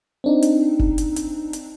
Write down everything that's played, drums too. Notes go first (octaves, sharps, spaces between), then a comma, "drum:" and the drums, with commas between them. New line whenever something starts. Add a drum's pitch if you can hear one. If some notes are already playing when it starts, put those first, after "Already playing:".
C4 D4 D#4
drum: hi-hat
drum: kick F1
drum: hi-hat
drum: hi-hat
drum: hi-hat